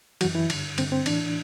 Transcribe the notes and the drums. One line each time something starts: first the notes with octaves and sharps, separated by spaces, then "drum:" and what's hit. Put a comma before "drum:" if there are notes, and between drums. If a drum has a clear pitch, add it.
F#2 E3 F#3 F#4, drum: cymbal
E3 E4
G2 D3, drum: cymbal
G2 D3 C4, drum: cymbal
C4
A2 E3 D4, drum: cymbal